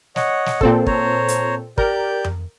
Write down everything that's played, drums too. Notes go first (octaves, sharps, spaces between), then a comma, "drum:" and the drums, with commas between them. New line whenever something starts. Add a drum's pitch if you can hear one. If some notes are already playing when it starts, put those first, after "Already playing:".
C#5 D#5 F#5, drum: snare
drum: snare
A#2 C4 A4, drum: kick
C5 C#5 A#5, drum: kick
drum: hi-hat
G4 A#4 D5 G6, drum: kick
drum: tom F2